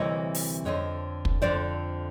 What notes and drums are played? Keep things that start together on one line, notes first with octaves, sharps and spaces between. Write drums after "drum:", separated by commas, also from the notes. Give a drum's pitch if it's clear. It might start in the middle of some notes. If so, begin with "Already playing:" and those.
Already playing: D2 C3 E3 G3 A#3 C#5 D#5
drum: open hi-hat
F2 D3 F3 C#5 D#5
drum: kick
F2 D3 F3 C5 D5